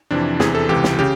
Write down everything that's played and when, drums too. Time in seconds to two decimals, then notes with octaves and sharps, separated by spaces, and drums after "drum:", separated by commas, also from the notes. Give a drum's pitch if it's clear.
0.11 F2 C3 E3 D4
0.40 E2 C3 E3 G#4, drum: snare
0.55 A4
0.69 C#2 C3 E3 G4
0.84 drum: snare
0.99 C#3 G4